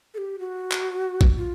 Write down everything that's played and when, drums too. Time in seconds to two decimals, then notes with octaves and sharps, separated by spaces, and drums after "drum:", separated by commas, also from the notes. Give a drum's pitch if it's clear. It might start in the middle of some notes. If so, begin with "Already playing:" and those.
0.14 A4
0.18 G4
0.39 F#4
0.72 drum: clap
1.21 drum: kick
1.37 F4